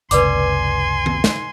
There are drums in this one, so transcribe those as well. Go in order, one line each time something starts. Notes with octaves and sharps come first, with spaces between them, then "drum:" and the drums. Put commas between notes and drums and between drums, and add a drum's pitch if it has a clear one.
F#1 C#2 C3 B4 D5 G#5 C6 D6, drum: hi-hat
drum: tom D#3
drum: snare